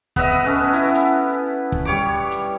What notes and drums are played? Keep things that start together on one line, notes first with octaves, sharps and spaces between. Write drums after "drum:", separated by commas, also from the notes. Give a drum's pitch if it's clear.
B3 B4 D#5 E5, drum: kick, hi-hat
B3 C#4 A4
E4, drum: hi-hat
drum: hi-hat
drum: kick
G3 C#5 D6
drum: hi-hat